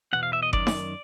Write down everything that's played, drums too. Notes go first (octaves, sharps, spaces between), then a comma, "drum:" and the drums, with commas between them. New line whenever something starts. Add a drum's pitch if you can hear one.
E2 B2 F#5
F5
E5
D#5
F#2 D#3 D5, drum: kick F#1
drum: snare D#4